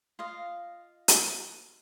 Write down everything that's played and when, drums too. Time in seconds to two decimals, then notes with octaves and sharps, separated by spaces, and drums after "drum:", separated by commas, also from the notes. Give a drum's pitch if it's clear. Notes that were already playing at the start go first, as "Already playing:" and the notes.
0.19 F4 D#5 F5
1.08 drum: hi-hat